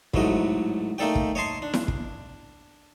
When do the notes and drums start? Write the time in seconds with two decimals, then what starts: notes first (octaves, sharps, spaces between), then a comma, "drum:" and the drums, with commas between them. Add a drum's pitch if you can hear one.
0.14 A1 G#2 F#3 A3 D#5, drum: kick
0.98 A3 A#3 D#4 A4 D5 G5
1.15 drum: kick
1.35 C#5 D#5 A5 C6 C#6
1.62 D4
1.73 drum: snare E4
1.88 drum: kick